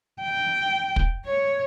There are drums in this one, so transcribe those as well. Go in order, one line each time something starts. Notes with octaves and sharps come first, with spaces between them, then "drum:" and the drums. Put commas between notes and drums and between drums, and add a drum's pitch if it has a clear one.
G5
drum: kick
C#5